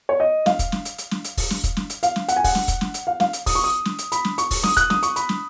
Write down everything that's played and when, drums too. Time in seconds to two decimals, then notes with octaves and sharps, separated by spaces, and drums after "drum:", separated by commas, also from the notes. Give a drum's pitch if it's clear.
0.09 C#5
0.20 D#5
0.46 F5, drum: snare
0.59 drum: kick, hi-hat
0.72 drum: snare
0.85 drum: hi-hat
0.98 drum: hi-hat
1.11 drum: snare
1.24 drum: hi-hat
1.37 drum: kick, open hi-hat
1.50 drum: snare
1.64 drum: kick, hi-hat
1.77 drum: snare
1.90 drum: hi-hat
2.03 F5, drum: hi-hat
2.16 drum: snare
2.28 F#5, drum: hi-hat
2.36 G#5
2.44 F#5, drum: kick, open hi-hat
2.55 drum: snare
2.68 drum: kick, hi-hat
2.81 drum: snare
2.94 drum: hi-hat
3.07 F5
3.20 F5, drum: snare
3.33 drum: hi-hat
3.46 D#6, drum: kick, open hi-hat
3.55 C#6
3.64 D#6
3.85 drum: snare
3.98 drum: hi-hat
4.12 B5, drum: hi-hat
4.25 drum: snare
4.38 C#6, drum: hi-hat
4.51 drum: kick, open hi-hat
4.63 D#6, drum: snare
4.77 F#6, drum: kick, hi-hat
4.90 D#6, drum: snare
5.03 C#6, drum: hi-hat
5.16 B5, drum: hi-hat
5.29 drum: snare